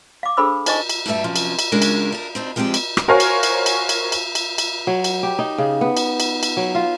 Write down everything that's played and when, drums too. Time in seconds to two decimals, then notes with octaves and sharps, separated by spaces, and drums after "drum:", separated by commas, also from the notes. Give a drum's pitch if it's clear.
0.23 F5 D6
0.37 D4 G#4 A4 C5 B5 E6
0.66 D#4 C5 D#5 G#5 C#6, drum: cymbal
0.89 drum: cymbal
1.06 G2 G3 A3 D4 E5
1.24 C3 F3 F#3 C#4
1.36 drum: cymbal
1.59 drum: cymbal
1.72 C#3 F#3 G#3 C#4 D4 A#4
1.82 drum: cymbal
2.12 D4 A#4
2.35 C4 D4 D#4
2.56 F3 G#3 C4 D4 G4
2.74 drum: cymbal
2.97 drum: rim click
3.08 F#4 A#4 C5 C#5 F5 G#5
3.20 drum: cymbal
3.43 drum: cymbal
3.66 drum: cymbal
3.89 drum: cymbal
4.12 drum: cymbal
4.35 drum: cymbal
4.58 drum: cymbal
4.87 F#3
5.04 drum: cymbal
5.23 G4
5.39 D#4
5.58 C#3
5.81 B3
5.97 drum: cymbal
6.20 drum: cymbal
6.43 drum: cymbal
6.57 F#3
6.75 F4